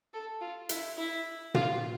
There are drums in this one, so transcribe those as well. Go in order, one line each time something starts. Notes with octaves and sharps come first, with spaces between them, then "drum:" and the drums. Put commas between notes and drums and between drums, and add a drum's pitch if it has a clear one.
A4
F4
E4, drum: hi-hat
E4
F4, drum: tom